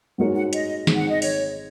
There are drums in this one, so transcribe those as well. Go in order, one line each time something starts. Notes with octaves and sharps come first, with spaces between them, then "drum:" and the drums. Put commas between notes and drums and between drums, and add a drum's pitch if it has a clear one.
G#2 G#3 F#4 A#4 C#5 F#5
F#5
D#5, drum: hi-hat
G#1 G#2 G#3, drum: snare
F#5
D#5
C#5, drum: open hi-hat